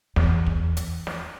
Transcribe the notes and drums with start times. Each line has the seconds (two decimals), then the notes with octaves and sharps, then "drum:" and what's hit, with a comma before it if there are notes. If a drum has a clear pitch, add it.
0.16 E2, drum: snare
0.47 drum: kick
0.77 drum: hi-hat
1.07 drum: snare